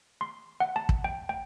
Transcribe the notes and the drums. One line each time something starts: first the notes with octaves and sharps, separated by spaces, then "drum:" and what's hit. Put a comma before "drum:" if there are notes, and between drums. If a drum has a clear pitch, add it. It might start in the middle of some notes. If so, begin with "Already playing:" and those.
C6
F#5
A5
drum: kick
G5
G5